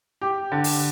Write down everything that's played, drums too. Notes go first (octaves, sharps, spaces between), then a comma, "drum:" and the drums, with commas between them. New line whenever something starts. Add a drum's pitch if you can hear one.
G4
D3
drum: open hi-hat